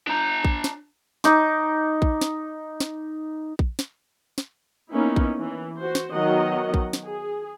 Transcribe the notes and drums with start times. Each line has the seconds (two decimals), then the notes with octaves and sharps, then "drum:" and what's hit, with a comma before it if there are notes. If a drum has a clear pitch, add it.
0.07 D4 A#5
0.45 drum: kick A#1
0.64 drum: snare
1.24 D#4 D6, drum: snare
2.02 drum: kick A#1
2.21 drum: snare
2.80 drum: snare
3.59 drum: kick A#1
3.79 drum: snare
4.38 drum: snare
4.91 A#3 B3 C#4 D#4 E4
5.16 drum: kick A#1
5.39 E3
5.79 F#4 C5
5.95 drum: snare
6.15 D#3 F#3 B3 D#5 F#5
6.74 drum: kick A#1
6.93 drum: snare
7.05 G#4